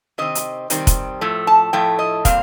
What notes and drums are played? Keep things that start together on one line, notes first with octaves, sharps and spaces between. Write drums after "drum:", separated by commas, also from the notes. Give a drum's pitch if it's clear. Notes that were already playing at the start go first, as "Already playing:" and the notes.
C3 D#3 C4 D#5
drum: hi-hat
C3 D#3 G3 C4, drum: hi-hat
drum: kick, hi-hat
A2 F3 A3
A5
A2 F3 A3 G5
D#5
A#2 G3 C4 F5, drum: kick, hi-hat